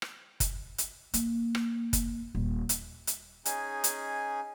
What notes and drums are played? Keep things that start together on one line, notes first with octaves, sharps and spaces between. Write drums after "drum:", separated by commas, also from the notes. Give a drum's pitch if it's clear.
drum: rim click
drum: kick, hi-hat
drum: hi-hat
A#3, drum: hi-hat
drum: rim click
drum: kick, hi-hat
D#1
drum: hi-hat
drum: hi-hat
C#4 D#4 G#4 G#5, drum: hi-hat
drum: hi-hat